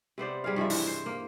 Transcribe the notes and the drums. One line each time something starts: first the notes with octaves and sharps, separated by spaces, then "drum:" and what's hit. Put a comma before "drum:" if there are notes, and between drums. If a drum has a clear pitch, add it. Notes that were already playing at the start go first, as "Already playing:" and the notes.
C3 B3 C5 D5
G3 G#4 A#4 F5
G2 F3 G#3 E5
E3, drum: open hi-hat
C5
A#3